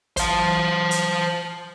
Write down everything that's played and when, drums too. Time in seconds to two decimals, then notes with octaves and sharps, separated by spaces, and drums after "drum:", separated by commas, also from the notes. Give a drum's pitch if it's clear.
0.17 C5 A5, drum: kick, hi-hat
0.91 drum: hi-hat